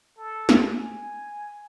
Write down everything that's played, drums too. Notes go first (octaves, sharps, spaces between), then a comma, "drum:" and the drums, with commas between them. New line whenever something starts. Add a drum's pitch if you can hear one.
A4
drum: snare
G#5